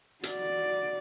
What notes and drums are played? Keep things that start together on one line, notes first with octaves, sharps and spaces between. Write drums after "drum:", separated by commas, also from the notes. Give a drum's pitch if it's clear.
F#4 D5, drum: hi-hat